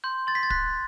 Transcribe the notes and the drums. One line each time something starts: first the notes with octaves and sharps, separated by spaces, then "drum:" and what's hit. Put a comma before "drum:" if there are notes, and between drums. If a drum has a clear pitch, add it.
C6 G6
C6 A6
B6
A6
F#6 B6, drum: kick